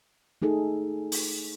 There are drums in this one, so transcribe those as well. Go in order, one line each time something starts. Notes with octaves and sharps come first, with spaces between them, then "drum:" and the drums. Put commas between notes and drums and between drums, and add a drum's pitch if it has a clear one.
A3 D#4 G#4 A4
drum: open hi-hat